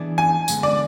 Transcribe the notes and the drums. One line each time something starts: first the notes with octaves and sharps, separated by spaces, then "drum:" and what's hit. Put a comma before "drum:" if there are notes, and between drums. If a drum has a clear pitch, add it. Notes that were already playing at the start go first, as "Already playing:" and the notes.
Already playing: E3 B3 D4 G#4 D5
G#5
D3 G#3 B3 D4, drum: tambourine
D5